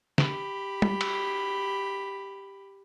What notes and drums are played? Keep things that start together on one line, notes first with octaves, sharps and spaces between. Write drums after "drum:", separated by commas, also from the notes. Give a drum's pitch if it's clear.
G4 B5, drum: snare
drum: tom G3
drum: cymbal